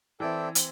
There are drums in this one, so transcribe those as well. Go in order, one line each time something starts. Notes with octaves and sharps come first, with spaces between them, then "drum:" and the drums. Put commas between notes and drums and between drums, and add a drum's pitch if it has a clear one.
E3 C4 E4 A4 D5 G5
C4, drum: hi-hat